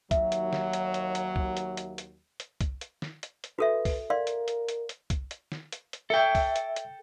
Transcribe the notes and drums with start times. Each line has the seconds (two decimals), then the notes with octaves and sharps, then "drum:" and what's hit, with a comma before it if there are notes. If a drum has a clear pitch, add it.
0.11 D#2 F#3 E5, drum: kick C2, hi-hat
0.32 drum: hi-hat
0.53 drum: snare
0.73 drum: hi-hat
0.94 drum: hi-hat
1.15 drum: hi-hat
1.36 drum: kick C2
1.57 drum: hi-hat
1.77 drum: hi-hat
1.98 drum: hi-hat
2.40 drum: hi-hat
2.61 drum: kick C2, hi-hat
2.81 drum: hi-hat
3.02 drum: snare
3.23 drum: hi-hat
3.44 drum: hi-hat
3.59 F#4 A4 B4 E5
3.85 drum: kick C2, open hi-hat
4.10 A#4 D5 F5 C6
4.27 drum: hi-hat
4.48 drum: hi-hat
4.68 drum: hi-hat
4.89 drum: hi-hat
5.10 drum: kick C2, hi-hat
5.31 drum: hi-hat
5.52 drum: snare
5.72 drum: hi-hat
5.93 drum: hi-hat
6.10 A4 E5 G5
6.35 drum: kick C2, open hi-hat
6.56 drum: hi-hat
6.76 drum: hi-hat